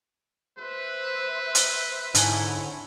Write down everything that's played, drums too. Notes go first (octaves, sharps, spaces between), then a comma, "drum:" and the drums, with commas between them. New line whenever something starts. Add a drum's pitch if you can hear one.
B4 C5 E5
drum: hi-hat
G#2 D3 C4 E4 C#5 G#5, drum: hi-hat